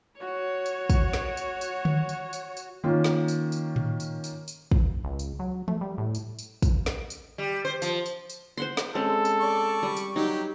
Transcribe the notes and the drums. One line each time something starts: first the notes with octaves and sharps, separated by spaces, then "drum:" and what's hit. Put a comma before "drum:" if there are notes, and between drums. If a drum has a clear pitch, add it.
F#4 C#5
drum: tambourine
drum: kick, tambourine
drum: snare
drum: tambourine
drum: tambourine
drum: tom D3
drum: tambourine
drum: tambourine
drum: tambourine
D#3 A#3 C#4 F4
drum: snare
drum: tambourine
drum: tambourine
drum: tom A2
drum: tambourine
drum: tambourine
drum: tambourine
drum: kick
C#2
drum: tambourine
F#3
A3, drum: tom E3
G3
A2
drum: tambourine
drum: tambourine
drum: kick, tambourine
drum: snare
drum: tambourine
G3
C5
F3, drum: tambourine
drum: tambourine
drum: tambourine
C5 F#5 C6
drum: snare
G#3 C4 C#4 A4
drum: tambourine
D5 C#6
G3
drum: tambourine
F#3 D#4 G4